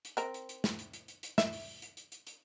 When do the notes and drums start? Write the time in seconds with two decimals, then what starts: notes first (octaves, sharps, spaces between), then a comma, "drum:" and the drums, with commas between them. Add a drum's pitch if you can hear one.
0.05 drum: hi-hat
0.17 C4 A#4, drum: hi-hat
0.34 drum: hi-hat
0.49 drum: hi-hat
0.64 drum: snare
0.79 drum: hi-hat
0.94 drum: hi-hat
1.08 drum: hi-hat
1.23 drum: hi-hat
1.38 E5, drum: snare
1.53 drum: open hi-hat
1.82 drum: hi-hat
1.97 drum: hi-hat
2.12 drum: hi-hat
2.27 drum: hi-hat